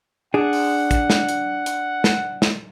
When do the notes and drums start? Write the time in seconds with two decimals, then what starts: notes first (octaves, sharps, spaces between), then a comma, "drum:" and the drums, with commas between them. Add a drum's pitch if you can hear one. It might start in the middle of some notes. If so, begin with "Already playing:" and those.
0.34 D4 G#4 F#5
0.53 drum: open hi-hat
0.91 drum: kick, hi-hat
1.10 drum: snare
1.29 drum: hi-hat
1.66 drum: hi-hat
2.04 drum: snare
2.42 drum: snare